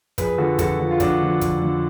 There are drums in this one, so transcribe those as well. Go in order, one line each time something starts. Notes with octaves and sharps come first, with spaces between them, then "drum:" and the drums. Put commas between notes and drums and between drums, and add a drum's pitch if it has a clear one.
F2 G#4 B4, drum: kick, hi-hat
D3 F3 F#4 A4
F2 F#4 A4, drum: kick, hi-hat
D3 F3
F4
F2 D4 F#4, drum: kick, hi-hat
D3 F3
F2, drum: kick, hi-hat
D3 F3